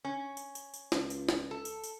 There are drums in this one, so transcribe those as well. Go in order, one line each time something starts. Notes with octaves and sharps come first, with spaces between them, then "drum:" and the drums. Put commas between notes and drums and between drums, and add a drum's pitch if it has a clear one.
C#4
drum: tambourine
drum: tambourine
drum: tambourine
C#2, drum: snare
drum: tambourine
drum: snare
A4
drum: tambourine
drum: tambourine